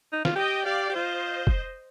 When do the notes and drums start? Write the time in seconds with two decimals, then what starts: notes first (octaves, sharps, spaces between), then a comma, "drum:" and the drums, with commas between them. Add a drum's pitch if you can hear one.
0.13 D#4
0.25 F4, drum: snare
0.35 G4 D#5 G5
0.65 G4 D5 F5
0.89 G4
0.95 F4 C5 D#5
1.47 drum: kick